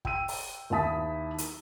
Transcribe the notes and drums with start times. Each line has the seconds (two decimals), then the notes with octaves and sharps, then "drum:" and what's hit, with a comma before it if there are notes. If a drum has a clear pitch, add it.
0.05 G5 E6 D#7, drum: kick
0.28 drum: open hi-hat
0.70 D#2 D#3 E4 A5 D#6 B6
1.38 drum: hi-hat